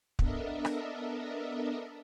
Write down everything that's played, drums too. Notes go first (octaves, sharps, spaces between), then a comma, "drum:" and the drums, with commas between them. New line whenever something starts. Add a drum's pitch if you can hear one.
B3 D4 A4 A#4 D#5 E5, drum: kick
drum: rim click